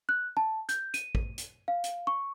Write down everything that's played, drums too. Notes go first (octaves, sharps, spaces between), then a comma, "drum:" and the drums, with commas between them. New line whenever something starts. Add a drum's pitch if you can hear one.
F#6
A5
G6, drum: hi-hat
D#7, drum: hi-hat
drum: kick
drum: hi-hat
F5
drum: hi-hat
C#6